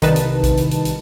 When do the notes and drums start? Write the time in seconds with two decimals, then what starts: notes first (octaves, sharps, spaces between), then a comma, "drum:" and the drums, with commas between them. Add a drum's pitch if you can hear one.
0.02 C2 D#3 D#4 B4 A5, drum: hi-hat
0.16 drum: hi-hat
0.44 drum: kick A#1, hi-hat
0.57 drum: hi-hat
0.71 drum: hi-hat
0.85 drum: hi-hat